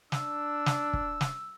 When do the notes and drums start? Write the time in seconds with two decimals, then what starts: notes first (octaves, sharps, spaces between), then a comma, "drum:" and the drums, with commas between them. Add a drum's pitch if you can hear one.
0.12 D4 E6, drum: snare
0.66 drum: snare
0.93 drum: kick
1.21 drum: snare